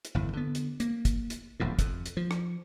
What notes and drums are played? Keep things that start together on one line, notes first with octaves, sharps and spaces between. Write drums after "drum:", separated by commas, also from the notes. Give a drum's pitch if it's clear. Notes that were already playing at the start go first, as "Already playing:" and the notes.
drum: hi-hat
G1 E2 A2
D3 B3
drum: hi-hat
A#3, drum: hi-hat
drum: kick, hi-hat
drum: hi-hat
D#1 A#1 E2 A2
F2, drum: kick, hi-hat
drum: hi-hat
F3
drum: rim click